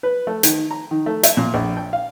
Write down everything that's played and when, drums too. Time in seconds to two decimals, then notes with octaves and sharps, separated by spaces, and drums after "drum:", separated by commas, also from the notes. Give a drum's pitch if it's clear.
0.03 B4
0.27 A3
0.43 D#3, drum: hi-hat
0.71 A#5
0.91 D#3
1.06 A3
1.23 E5, drum: hi-hat
1.37 A#2
1.54 A#1
1.77 G5
1.93 F5